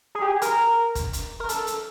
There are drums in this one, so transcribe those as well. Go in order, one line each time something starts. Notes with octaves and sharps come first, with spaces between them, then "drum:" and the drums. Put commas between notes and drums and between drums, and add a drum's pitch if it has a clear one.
G#4
G4
G#4
A#4, drum: hi-hat
drum: kick, hi-hat
drum: hi-hat
A#4
A4, drum: hi-hat
drum: hi-hat